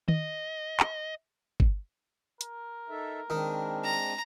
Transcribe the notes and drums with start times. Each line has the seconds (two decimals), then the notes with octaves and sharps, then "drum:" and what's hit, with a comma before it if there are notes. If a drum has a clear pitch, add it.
0.08 D#5, drum: tom D#3
0.80 drum: clap
1.60 drum: kick G1
2.41 A#4, drum: hi-hat
2.89 D#4 A4 E5
3.30 D#3 G#3 C4 D4
3.84 A#5